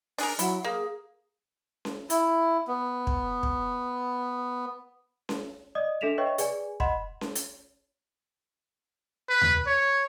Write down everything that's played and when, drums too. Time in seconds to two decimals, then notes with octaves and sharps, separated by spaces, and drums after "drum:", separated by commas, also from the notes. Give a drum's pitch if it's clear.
0.18 D4 G#4 A#4, drum: open hi-hat
0.39 F#3 E4, drum: hi-hat
0.64 A#3 G#4
1.85 drum: snare C#4
2.10 E4, drum: hi-hat
2.68 B3
3.07 drum: kick
3.43 drum: kick
5.29 drum: snare C#4
5.75 D5 D#5 D#6
6.01 D4 A4 E5 B6 E7 F7
6.18 B4 C#5 D#5 E5 G5 C#6
6.38 G#4 B4 D5 G#5, drum: hi-hat
6.80 D#5 F#5 B5 C6, drum: kick
7.21 drum: snare C#4
7.35 drum: hi-hat
9.29 B4
9.42 drum: tom D#2
9.67 C#5